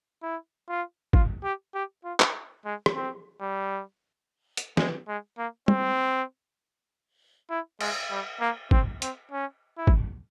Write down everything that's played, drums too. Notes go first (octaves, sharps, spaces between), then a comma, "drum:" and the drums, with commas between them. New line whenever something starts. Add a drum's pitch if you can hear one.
E4
F4
F4, drum: kick
G4
G4
F4
drum: clap
G#3
drum: rim click
C4
G3
drum: hi-hat
G#3, drum: snare
G#3
A#3
C4, drum: tom G3
E4
G#3, drum: cymbal
G3
A#3
C4, drum: kick
C4, drum: hi-hat
C#4
E4
drum: kick